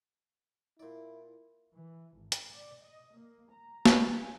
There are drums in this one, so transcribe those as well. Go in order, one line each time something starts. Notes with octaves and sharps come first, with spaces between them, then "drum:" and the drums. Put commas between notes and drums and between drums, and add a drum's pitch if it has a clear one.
A#2 E4 D5
E3
G#1
drum: hi-hat
D5
D#5
A#3
A#5
drum: snare
G#5